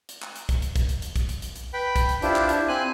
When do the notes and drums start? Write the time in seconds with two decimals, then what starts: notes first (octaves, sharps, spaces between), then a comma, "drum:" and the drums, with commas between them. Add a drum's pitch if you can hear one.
0.09 drum: hi-hat
0.22 drum: clap
0.36 drum: hi-hat
0.49 drum: kick B1, hi-hat
0.62 drum: hi-hat
0.76 drum: kick B1, hi-hat
0.89 drum: hi-hat
1.02 drum: hi-hat
1.16 drum: kick B1, hi-hat
1.29 drum: hi-hat
1.42 drum: hi-hat
1.56 drum: hi-hat
1.73 B4 G5 B5
1.96 drum: kick B1, hi-hat
2.09 drum: hi-hat
2.22 D4 E4 F4 G4 C5, drum: hi-hat
2.36 drum: clap
2.49 drum: hi-hat
2.68 C4 C5 G#5 F#6